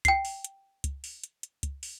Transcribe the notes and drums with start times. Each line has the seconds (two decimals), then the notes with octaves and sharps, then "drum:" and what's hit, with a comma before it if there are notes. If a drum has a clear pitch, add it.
0.05 G5 C7, drum: kick C#2, hi-hat
0.25 drum: open hi-hat
0.44 drum: hi-hat
0.84 drum: kick C#2, hi-hat
1.04 drum: open hi-hat
1.24 drum: hi-hat
1.43 drum: hi-hat
1.63 drum: kick C#2, hi-hat
1.83 drum: open hi-hat